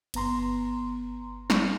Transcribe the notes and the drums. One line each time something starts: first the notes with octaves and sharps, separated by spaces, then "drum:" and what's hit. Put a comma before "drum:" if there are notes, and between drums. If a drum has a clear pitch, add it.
G1 B3 A#5 C6, drum: cymbal
drum: snare